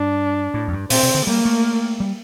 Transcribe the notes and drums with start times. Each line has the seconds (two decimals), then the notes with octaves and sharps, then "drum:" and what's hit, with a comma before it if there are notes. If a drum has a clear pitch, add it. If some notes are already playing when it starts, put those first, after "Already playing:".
Already playing: G2 D4
0.54 A2
0.68 F2
0.73 G2
0.90 A#2 C4, drum: open hi-hat
1.03 C3
1.14 D3
1.26 G3 A#3
1.45 A3
2.00 G3